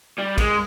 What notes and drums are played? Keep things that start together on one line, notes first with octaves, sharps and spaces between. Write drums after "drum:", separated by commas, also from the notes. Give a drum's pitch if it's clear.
G3
G#3, drum: kick, cymbal